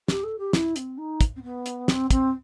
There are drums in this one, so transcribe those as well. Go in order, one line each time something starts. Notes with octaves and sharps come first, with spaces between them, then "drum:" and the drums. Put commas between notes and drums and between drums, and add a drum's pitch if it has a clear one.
G4, drum: snare
A4
G4
E4, drum: snare
C4, drum: hi-hat
D#4
drum: kick, hi-hat
C4
B3
drum: hi-hat
C4, drum: snare
C4, drum: kick, hi-hat